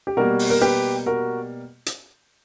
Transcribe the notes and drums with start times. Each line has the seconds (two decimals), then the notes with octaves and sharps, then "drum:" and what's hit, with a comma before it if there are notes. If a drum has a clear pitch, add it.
0.07 G4
0.17 B2 G3 A#3 F#4 A#4
0.39 drum: open hi-hat
0.50 A#4
0.61 G4 B4
1.06 F#4 A#4
1.86 drum: hi-hat